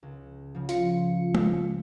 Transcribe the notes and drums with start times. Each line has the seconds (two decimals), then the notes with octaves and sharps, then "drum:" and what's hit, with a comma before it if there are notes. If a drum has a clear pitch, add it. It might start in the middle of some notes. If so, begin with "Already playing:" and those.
0.03 C#2
0.55 C#3 F3
0.69 F4 C#7, drum: hi-hat
1.35 drum: tom G#3